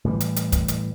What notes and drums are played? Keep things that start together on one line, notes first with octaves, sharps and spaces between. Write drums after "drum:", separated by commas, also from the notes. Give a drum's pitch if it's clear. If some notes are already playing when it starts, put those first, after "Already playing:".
A2 E3 G3
drum: hi-hat
drum: hi-hat
drum: kick, hi-hat
drum: hi-hat